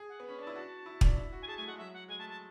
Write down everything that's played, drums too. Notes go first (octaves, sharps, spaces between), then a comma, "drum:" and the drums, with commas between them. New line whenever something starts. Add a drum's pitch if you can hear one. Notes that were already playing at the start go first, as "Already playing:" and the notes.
Already playing: G#4
F#5
B3
C#4 B5
D4 A5
E4
F#4 A5
E4
D4, drum: kick
E4
F#4
G#5
G#4 A5
A3 G#5
G#3 F#5
F#3 E5
F#5
G#3 G#5
A3 A5
A5